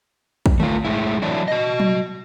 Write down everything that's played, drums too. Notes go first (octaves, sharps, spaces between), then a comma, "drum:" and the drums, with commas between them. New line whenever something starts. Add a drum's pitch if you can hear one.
drum: kick
A3 F4, drum: tom D3
A2 G#3 E4
E3 F#3 D4 E4
F#4 D#5
drum: tom F#3